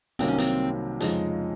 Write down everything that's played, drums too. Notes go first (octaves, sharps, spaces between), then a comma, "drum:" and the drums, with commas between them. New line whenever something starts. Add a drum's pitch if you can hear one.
C2 C3 D#3 F#3 A#3 C4, drum: hi-hat
C#4
C4, drum: hi-hat
F2 C#3 F3 G#3 D#4, drum: hi-hat